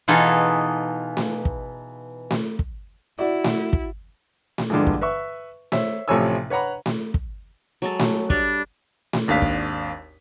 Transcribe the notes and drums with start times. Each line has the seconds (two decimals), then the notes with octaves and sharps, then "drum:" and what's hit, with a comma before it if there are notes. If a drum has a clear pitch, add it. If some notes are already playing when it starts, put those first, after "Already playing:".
0.08 B2 E3 D#4 F4 G#4 A4
1.17 drum: snare A3
1.45 drum: kick
2.31 drum: snare A3
2.59 drum: kick
3.19 E4 F#4 D5
3.44 drum: snare A3
3.73 drum: kick
4.58 drum: snare A3
4.70 G2 A#2 D3 E3 G#3
4.87 drum: kick
5.01 B4 E5 C#6
5.72 C5 C#5 E5, drum: snare A3
6.08 A1 C3 F3 C#5 G#5 E6
6.50 B4 C#5 F#5 A#5 B5
6.86 drum: snare A3
7.14 drum: kick
7.82 F#3 G#3 A4
7.99 drum: snare A3
8.30 G3 D4, drum: kick
9.13 drum: snare A3
9.28 G#1 D#2 D4 F5 B6
9.42 drum: kick